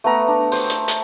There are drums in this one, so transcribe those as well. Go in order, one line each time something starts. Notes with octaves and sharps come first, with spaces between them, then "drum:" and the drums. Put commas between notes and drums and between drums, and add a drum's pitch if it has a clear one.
A3 B3 A#5
D4
C5 G5 D#6, drum: open hi-hat
drum: hi-hat
drum: hi-hat